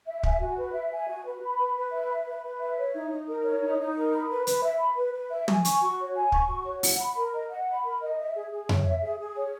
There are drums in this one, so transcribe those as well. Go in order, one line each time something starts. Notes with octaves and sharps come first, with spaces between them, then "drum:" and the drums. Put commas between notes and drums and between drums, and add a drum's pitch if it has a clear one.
E5
G#5, drum: kick
F#4
B4
E5
G#5
F#4
B4
B5
B4
B4
E5
B5
B4
B4
E5
C#5
D#4
D#4
A#4
C#5
D#4
D#4
A#4
B5
B4
B4, drum: hi-hat
E5
B5
B4
B4
E5
G#5, drum: tom
C#6, drum: hi-hat
F#4
C#5
G#5
C#6, drum: kick
F#4
C#5
F#5, drum: open hi-hat
B5
A#4
D#5
F#5
B5
A#4
D#5
E5
G#4
G#4
C#5, drum: tom F2
E5
G#4
G#4
C#5